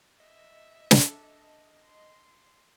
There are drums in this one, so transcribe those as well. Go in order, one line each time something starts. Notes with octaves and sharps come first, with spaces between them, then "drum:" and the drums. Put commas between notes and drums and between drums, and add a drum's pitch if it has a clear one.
D#5 E5
D4 A4, drum: snare
C6